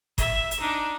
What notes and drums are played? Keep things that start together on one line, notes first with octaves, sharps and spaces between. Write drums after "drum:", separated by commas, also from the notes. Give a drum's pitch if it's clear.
E5, drum: kick F#1, hi-hat
drum: hi-hat
D4 D#4